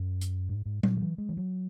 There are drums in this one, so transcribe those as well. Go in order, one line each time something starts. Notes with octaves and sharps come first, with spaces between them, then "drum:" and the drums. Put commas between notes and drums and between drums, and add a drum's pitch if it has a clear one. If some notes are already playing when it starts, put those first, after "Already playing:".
Already playing: F#2
drum: hi-hat
G#2
G#2
A#2, drum: tom F#3
D#3
E3
G#3
E3
F#3